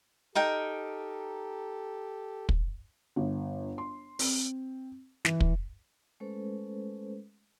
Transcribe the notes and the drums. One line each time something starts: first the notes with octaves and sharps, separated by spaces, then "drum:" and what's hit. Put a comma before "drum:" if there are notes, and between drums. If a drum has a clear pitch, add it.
D#4 G4 A4 A#4 G5
drum: kick
G1
C6
C4, drum: open hi-hat
E3, drum: snare
drum: kick
G#3 A3 C#4 A4 B4 C5